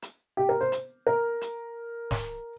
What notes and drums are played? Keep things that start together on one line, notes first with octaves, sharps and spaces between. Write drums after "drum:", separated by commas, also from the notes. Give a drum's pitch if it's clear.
drum: hi-hat
G4
A#4
C5
drum: hi-hat
A#4
drum: hi-hat
drum: snare